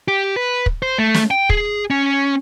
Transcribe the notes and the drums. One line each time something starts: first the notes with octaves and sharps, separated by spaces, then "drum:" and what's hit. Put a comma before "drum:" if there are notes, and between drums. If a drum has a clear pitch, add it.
G4
B4
drum: kick
C5
A3
drum: snare
G5
G#4, drum: kick
C#4